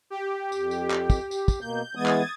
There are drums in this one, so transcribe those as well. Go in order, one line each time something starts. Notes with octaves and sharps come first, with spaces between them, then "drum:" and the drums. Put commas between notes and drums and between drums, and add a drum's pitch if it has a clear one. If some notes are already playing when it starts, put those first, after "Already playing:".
G4
F2, drum: tambourine
drum: tambourine
drum: clap
drum: kick, tambourine
G4, drum: tambourine
drum: kick, tambourine
B2 A#3 G6
E3 G#3 B3 D#6 G#6 A6
drum: clap